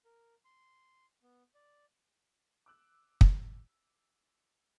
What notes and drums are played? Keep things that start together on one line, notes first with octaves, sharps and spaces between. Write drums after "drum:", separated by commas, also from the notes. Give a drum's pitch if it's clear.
A#4
C6
B3
D5
D6 E6 F#6
drum: kick